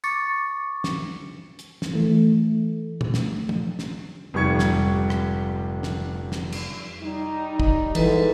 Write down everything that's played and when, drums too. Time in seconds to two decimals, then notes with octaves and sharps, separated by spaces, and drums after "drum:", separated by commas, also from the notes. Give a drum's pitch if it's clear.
0.04 C#6 D6 A6 C#7, drum: tambourine
0.84 drum: snare
1.59 drum: hi-hat
1.82 drum: snare
1.94 E3 A3
3.01 drum: tom
3.14 drum: snare
3.49 drum: tom
3.79 drum: snare
4.34 F1 G#2 G3 C#6 G#6 C#7
4.59 drum: snare
5.10 drum: rim click
5.83 drum: snare
6.32 drum: snare
6.52 drum: cymbal
7.02 G3 D#4
7.60 drum: kick
7.95 G#2 E3 A4 B4 D#5, drum: cymbal